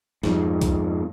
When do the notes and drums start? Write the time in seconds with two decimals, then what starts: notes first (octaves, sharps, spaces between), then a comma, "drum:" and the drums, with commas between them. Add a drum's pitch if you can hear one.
0.23 F2 G#2, drum: snare
0.61 drum: kick C2, hi-hat